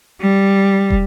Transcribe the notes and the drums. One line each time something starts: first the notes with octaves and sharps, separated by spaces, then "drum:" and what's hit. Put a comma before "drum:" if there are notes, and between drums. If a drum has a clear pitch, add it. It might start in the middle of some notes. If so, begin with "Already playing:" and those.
G3
drum: kick